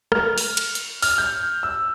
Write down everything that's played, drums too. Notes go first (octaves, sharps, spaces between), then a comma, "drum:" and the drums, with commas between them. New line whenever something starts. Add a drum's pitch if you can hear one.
F6, drum: rim click
drum: open hi-hat
drum: cymbal
drum: hi-hat
F6, drum: open hi-hat
G6
E6